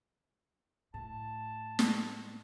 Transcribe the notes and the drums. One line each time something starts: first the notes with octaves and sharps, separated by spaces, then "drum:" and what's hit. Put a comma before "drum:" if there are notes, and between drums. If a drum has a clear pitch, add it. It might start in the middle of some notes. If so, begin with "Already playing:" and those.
A2 A5
drum: snare